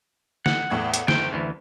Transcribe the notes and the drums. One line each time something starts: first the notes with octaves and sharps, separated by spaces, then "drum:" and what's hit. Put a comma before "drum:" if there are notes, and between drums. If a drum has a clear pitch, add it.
F#5, drum: snare
E2 A2 G#6
drum: hi-hat
F#1 G5, drum: snare
D2 E3